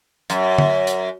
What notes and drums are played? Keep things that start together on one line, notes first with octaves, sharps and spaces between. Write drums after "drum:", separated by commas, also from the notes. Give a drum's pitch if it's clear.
F#2, drum: hi-hat
drum: tom D3
drum: hi-hat